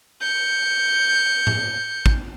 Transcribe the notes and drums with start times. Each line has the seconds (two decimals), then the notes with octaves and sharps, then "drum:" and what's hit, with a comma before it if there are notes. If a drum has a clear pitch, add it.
0.21 G6 C#7
1.47 drum: tom A2
2.06 drum: kick